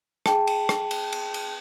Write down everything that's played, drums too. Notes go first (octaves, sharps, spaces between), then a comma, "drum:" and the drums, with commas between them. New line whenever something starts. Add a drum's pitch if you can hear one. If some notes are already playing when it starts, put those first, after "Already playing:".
G#4 G5 A5, drum: rim click
drum: cymbal
drum: rim click
drum: cymbal
drum: cymbal
drum: cymbal